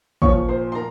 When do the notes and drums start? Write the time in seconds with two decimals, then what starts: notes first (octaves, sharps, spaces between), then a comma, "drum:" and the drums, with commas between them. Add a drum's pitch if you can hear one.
0.22 A#2 F3 C#5 C#6, drum: kick
0.49 C5 C6
0.72 C6
0.75 A#4 A#5